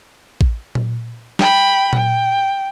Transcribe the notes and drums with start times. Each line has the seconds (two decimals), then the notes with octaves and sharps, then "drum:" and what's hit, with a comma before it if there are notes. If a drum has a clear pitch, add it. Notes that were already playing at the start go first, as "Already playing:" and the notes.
0.41 drum: kick A1
0.75 drum: tom A#2
1.39 G5 B5, drum: snare
1.93 G5, drum: tom A#2